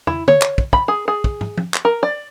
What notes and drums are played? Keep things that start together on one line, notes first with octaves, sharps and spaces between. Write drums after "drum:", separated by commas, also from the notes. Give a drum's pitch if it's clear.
E4, drum: tom
C#5, drum: tom
drum: clap
drum: kick
B5, drum: kick
G#4
G#4
drum: kick
drum: tom
drum: tom
drum: clap
A#4
D5